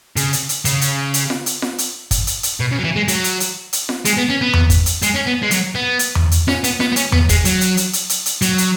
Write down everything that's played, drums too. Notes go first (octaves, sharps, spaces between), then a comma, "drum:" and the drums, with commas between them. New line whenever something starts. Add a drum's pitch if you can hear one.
C#3, drum: hi-hat
drum: hi-hat
drum: hi-hat
C#3, drum: hi-hat
drum: hi-hat
drum: hi-hat
drum: snare F4
drum: hi-hat
drum: snare F4
drum: hi-hat
drum: kick, hi-hat
drum: hi-hat
drum: hi-hat
B2
C#3
F#3
E3
G#3
F#3, drum: hi-hat
drum: hi-hat
drum: hi-hat
drum: hi-hat
drum: snare F4
G#3, drum: hi-hat
B3
C#4
B3
drum: tom E2
drum: kick, hi-hat
drum: hi-hat
G#3, drum: hi-hat
C#4
B3
G#3
F#3, drum: hi-hat
B3
drum: hi-hat
drum: tom E2
drum: hi-hat
C#4, drum: snare F4
B3, drum: hi-hat
B3, drum: snare F4
B3
C#4, drum: hi-hat
B3, drum: tom E2
G#3, drum: kick, hi-hat
F#3, drum: hi-hat
drum: hi-hat
drum: hi-hat
drum: hi-hat
drum: hi-hat
drum: hi-hat
F#3, drum: hi-hat
drum: hi-hat